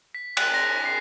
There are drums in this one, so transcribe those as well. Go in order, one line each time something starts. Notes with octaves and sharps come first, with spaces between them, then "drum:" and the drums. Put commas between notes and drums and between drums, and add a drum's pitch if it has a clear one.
B6
F#6, drum: cymbal
A#6
C7